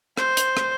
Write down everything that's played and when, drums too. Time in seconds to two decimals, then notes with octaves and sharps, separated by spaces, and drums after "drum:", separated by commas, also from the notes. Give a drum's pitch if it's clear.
0.17 C5, drum: rim click
0.37 drum: hi-hat
0.57 drum: rim click